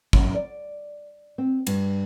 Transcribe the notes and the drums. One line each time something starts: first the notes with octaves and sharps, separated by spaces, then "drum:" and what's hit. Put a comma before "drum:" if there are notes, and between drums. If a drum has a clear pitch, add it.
F#2, drum: kick
D5
C4
G2, drum: cymbal